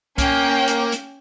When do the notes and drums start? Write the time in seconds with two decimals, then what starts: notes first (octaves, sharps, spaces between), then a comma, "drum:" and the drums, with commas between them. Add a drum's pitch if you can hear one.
0.18 A#3 C#4 G5, drum: kick C2, hi-hat
0.68 drum: hi-hat
0.92 drum: hi-hat